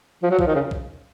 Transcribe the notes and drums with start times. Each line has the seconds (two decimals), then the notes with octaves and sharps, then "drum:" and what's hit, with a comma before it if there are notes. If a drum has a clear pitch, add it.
0.23 F3
0.31 F#3
0.39 F3, drum: kick B1
0.47 D#3
0.55 C#3
0.71 drum: kick B1